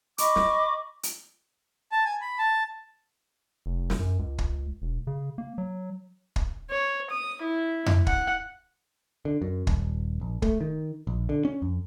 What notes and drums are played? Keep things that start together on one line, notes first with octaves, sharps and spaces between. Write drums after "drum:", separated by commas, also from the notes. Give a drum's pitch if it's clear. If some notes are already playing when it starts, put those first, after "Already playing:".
D#5 B5 C#6 D6, drum: hi-hat
drum: snare
drum: hi-hat
A5
G#5
B5
A5
F1
drum: snare
F#2
C#2
drum: kick
E1
C#3
A#3
F#3
drum: kick
C#5
D#6
E4
drum: tom F2
F#5, drum: kick
D3
F#2
D#1, drum: kick
A#1
A3, drum: kick
D#3
A#1
D3
C#4
F2